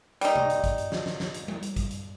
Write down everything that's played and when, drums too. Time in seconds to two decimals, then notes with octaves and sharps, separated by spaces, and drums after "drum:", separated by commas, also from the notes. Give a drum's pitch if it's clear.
0.21 G3 D#4, drum: hi-hat
0.35 drum: tom
0.50 drum: hi-hat
0.64 drum: kick, hi-hat
0.78 drum: hi-hat
0.92 drum: snare
1.06 drum: snare
1.20 drum: snare
1.34 drum: hi-hat
1.48 drum: tom G3
1.62 drum: hi-hat
1.76 drum: kick, hi-hat
1.91 drum: hi-hat